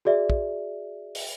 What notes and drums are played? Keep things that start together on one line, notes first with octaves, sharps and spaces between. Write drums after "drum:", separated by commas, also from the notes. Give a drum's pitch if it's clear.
F#4 G#4 D5 E5
drum: kick
drum: open hi-hat